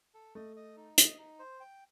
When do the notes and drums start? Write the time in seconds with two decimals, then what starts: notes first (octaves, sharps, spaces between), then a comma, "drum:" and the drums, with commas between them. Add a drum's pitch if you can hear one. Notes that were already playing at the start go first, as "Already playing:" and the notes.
0.14 A4
0.35 A3 D#5
0.56 D#5
0.77 D#4
0.98 D#5, drum: hi-hat
1.18 D#4
1.39 C5
1.60 G5